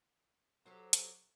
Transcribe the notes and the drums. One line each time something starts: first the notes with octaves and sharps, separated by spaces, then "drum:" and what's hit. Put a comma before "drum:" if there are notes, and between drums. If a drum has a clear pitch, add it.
F#3 G4 A4 C5
drum: hi-hat